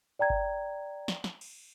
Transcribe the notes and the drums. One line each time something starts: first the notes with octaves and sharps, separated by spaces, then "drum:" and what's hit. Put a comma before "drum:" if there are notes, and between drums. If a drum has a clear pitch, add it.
D5 G5 A#5 G#6
drum: kick G1
drum: snare
drum: snare
drum: cymbal